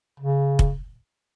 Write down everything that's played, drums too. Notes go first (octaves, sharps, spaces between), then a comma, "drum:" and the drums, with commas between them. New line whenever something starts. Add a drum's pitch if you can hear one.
C#3
drum: kick